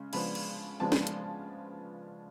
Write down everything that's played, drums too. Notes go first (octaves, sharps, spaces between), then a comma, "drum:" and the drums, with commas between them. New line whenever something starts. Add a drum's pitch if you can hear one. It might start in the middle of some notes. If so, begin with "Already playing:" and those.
Already playing: C#3 G#3
C#3 F3 G#3 B3 D4 B5, drum: cymbal
drum: cymbal
C#3 F3 G#3 B3 D4 A5
drum: snare
drum: hi-hat